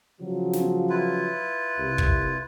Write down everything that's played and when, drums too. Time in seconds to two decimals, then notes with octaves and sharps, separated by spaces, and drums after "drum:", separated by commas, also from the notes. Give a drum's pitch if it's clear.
0.21 C#3 F3 F#3
0.53 drum: snare
0.89 E4 F4 B4
1.77 C2
1.98 drum: kick